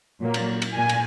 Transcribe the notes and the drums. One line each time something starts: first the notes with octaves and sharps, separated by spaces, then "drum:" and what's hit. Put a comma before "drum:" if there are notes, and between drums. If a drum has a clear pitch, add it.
A#2 F#3 A#3
drum: cymbal
drum: cymbal
A#2 G#5
drum: cymbal